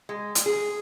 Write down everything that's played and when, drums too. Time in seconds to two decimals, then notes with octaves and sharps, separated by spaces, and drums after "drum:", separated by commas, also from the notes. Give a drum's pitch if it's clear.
0.09 G#3
0.35 drum: hi-hat
0.46 G#4